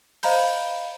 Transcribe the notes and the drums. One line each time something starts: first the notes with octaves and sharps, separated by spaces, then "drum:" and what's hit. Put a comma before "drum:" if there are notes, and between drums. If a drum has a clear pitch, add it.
C5 D#5 F5 A#5 B5 G6, drum: open hi-hat